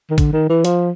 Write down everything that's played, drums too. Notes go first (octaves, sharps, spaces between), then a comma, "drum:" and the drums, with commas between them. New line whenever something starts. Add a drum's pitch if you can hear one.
D#3
D3, drum: kick, hi-hat
D#3
E3
F3, drum: hi-hat